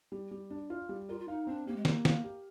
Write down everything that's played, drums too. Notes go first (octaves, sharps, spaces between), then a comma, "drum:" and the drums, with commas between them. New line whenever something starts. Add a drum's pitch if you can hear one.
G3
G3
D4
F4
G3
F4 A#4
F4
D#4 F5
C4 D4
A#3 G4
G#3
A#3 A#4, drum: snare
F5, drum: snare
G4